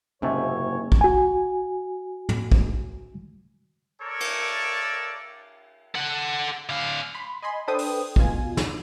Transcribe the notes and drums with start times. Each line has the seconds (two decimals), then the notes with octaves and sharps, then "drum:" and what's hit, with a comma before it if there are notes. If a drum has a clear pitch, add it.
0.22 F#1 G#2 C3 A3 A#3 C#4 D#4 C#5
0.92 drum: kick
1.01 F#4 G#5
2.29 drum: tom
2.52 drum: kick
4.02 A4 A#4 C#5 D5
4.20 drum: cymbal
5.95 A4 F#5
6.70 D3 F5
7.15 B5 C6
7.42 D#5 G#5 B5 C6
7.68 D4 A4 B4 C5 G5 D#6
7.79 drum: open hi-hat
8.16 E2 B2 F4 G#5, drum: kick
8.57 drum: snare